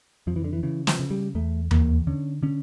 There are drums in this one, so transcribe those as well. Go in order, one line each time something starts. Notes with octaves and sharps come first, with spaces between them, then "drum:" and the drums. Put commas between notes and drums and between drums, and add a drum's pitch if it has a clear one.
F2 F3
E3
D3
E3
C#3 E3
F3, drum: snare
C#3
G3
E2 A3
E2 A#3, drum: tom D#2
D3 C#4
D3 C#4